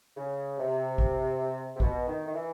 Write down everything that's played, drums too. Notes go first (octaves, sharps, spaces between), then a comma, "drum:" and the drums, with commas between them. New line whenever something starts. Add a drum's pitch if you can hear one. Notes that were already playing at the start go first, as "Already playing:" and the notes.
C#3
C3
drum: kick
C3
B2, drum: kick
D#3
D#3
E3